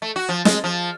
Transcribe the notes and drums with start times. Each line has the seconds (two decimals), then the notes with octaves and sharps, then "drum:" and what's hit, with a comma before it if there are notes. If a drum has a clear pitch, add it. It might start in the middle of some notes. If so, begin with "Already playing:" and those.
0.02 A3
0.16 F#4
0.29 F3
0.45 G#3, drum: snare
0.64 F3